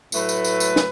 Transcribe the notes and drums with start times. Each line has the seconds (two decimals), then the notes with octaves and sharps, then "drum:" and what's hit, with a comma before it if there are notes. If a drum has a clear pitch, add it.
0.12 A2 F#3 A3 B4, drum: tambourine
0.29 drum: tambourine
0.44 drum: tambourine
0.60 drum: tambourine
0.76 drum: snare